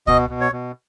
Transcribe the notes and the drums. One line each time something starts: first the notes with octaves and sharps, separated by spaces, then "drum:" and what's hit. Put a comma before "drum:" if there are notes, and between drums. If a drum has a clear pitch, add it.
B2 D#5, drum: kick C#2
B2
C#5
B2